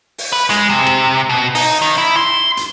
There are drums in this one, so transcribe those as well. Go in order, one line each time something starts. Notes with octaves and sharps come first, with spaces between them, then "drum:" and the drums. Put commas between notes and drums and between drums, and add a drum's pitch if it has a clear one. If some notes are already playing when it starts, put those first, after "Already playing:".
drum: open hi-hat
B4
G#3, drum: hi-hat
C3
drum: rim click
B2
D#4, drum: open hi-hat
D#3
E4
C6
drum: hi-hat